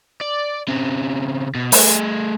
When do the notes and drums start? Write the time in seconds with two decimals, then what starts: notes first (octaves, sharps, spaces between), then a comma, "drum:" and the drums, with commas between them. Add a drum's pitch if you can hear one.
0.21 D5
0.68 C#3 C4
1.55 B2
1.72 A3 G#4, drum: open hi-hat